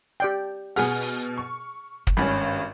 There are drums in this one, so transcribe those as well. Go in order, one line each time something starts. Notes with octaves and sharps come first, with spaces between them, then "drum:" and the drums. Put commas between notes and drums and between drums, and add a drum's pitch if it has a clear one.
G4 D5 G5
B2 G#4 F#5 F6, drum: open hi-hat
drum: open hi-hat
C#6
drum: kick
G#1 G2 C#4 B5